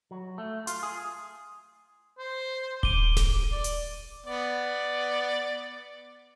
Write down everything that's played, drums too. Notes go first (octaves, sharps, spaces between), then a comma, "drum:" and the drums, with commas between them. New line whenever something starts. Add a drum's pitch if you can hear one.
F#3
A3
F4, drum: hi-hat
G#4
C5
D6 D#7 G7, drum: kick D#1
drum: snare G#1
D5
drum: hi-hat
B3 D5